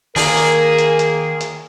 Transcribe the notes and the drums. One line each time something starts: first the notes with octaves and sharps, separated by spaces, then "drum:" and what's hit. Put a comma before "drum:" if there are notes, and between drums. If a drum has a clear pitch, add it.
D#3 A#3 G#4 A#4, drum: open hi-hat
drum: hi-hat
drum: hi-hat
drum: hi-hat
drum: hi-hat